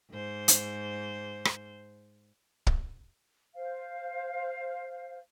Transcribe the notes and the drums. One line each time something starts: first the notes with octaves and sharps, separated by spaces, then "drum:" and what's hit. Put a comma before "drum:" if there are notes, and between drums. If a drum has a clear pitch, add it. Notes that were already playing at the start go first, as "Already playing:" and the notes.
G#2 C5
drum: hi-hat
drum: rim click
drum: kick
C5 F5